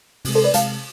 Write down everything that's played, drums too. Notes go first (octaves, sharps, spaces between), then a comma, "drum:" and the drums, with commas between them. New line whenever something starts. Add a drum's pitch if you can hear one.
C3 G#3, drum: open hi-hat
A4 C5
B4 D5
C3 G#3 F5 A5, drum: hi-hat